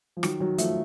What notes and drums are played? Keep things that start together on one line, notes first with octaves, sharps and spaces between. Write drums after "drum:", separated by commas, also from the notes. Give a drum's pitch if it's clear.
F3
D#3 F#3, drum: rim click
D#3 F#3
F3 A3, drum: hi-hat